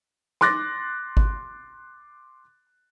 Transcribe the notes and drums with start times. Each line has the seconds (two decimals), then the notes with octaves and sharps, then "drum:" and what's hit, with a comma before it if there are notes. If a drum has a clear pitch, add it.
0.41 C6 D6 F#6 A6 A#6, drum: rim click
1.17 drum: kick G#1